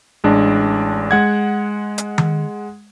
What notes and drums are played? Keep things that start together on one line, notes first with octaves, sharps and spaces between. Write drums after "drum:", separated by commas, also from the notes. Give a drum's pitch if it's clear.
A1 G#3 D4
G#3 F#5 G#6
drum: hi-hat
drum: tom D#3